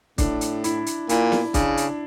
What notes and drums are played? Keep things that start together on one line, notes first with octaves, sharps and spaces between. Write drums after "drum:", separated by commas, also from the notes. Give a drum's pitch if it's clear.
A2 D4, drum: kick, hi-hat
drum: hi-hat
E4, drum: hi-hat
drum: hi-hat
A#2 E4, drum: hi-hat
drum: snare
C#3 D4, drum: kick, hi-hat
drum: hi-hat